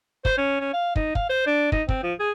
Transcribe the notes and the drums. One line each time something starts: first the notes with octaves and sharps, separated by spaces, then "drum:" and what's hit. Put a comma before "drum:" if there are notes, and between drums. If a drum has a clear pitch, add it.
C5, drum: kick
C#4
C#4
F5
D#4, drum: kick
F5, drum: kick
C5
D4
D#4, drum: kick
C4, drum: kick
F3
G#4